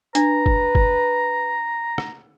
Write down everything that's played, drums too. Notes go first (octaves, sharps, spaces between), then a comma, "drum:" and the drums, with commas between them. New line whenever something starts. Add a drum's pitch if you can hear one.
D4 B4 A#5, drum: hi-hat
drum: kick
drum: kick
drum: rim click